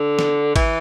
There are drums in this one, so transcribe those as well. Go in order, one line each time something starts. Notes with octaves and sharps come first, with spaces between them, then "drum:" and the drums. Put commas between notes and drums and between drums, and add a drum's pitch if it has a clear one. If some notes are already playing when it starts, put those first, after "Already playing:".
Already playing: D3
drum: snare
E3, drum: kick, cymbal